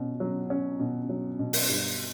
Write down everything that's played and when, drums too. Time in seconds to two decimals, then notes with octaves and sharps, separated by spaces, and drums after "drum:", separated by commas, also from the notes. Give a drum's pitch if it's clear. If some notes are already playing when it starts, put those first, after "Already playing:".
Already playing: B2 C#4
0.20 F#3
0.50 C#4
0.80 B2
1.09 F#3
1.39 B2
1.53 drum: open hi-hat
1.69 G2